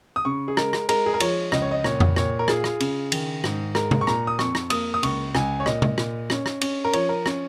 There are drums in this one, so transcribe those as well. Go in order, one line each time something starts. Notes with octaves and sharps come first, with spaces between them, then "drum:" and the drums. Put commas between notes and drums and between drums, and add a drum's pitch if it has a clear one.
D#6
C#3 C#6
G#4
G#3 A#4, drum: rim click
drum: rim click
G#3 A#4, drum: cymbal
G#4
A#4
F3 C#5, drum: cymbal
C#2 D#5, drum: rim click
C#5
D#5
A#2 C#5, drum: rim click
drum: tom F2
A#2 C#5, drum: rim click
A#4
F4 G#4, drum: rim click
drum: rim click
C#3, drum: cymbal
D#3, drum: cymbal
G#2, drum: rim click
G#3 A#4, drum: rim click
drum: tom C3
C#6
A#2 A#5, drum: rim click
D#6
F2 C#6, drum: rim click
drum: rim click
A#3 D#6, drum: cymbal
D#6
C#2 C#6, drum: cymbal
C#2 G#5, drum: rim click
C#5
A#2 D#5, drum: rim click
drum: tom C3
A#2, drum: rim click
C#4, drum: rim click
drum: rim click
C#4, drum: cymbal
A#4
F3 C#5, drum: cymbal
A#4
C#4, drum: rim click